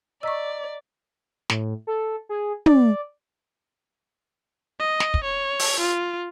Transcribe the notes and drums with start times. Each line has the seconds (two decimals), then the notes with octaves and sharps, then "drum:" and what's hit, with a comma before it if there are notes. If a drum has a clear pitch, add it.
0.23 D5 D#5 A#5 C#6 E6 B6
1.50 A2, drum: snare
1.87 A4
2.29 G#4
2.66 D5, drum: tom
4.79 D#5
5.00 drum: snare
5.14 drum: kick
5.24 C#5
5.59 drum: open hi-hat
5.80 F4